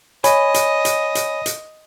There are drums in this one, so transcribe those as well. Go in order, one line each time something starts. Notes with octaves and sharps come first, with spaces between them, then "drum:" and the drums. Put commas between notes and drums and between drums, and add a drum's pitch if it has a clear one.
C#5 D#5 G#5 B5, drum: hi-hat
drum: hi-hat
drum: hi-hat
drum: hi-hat
drum: hi-hat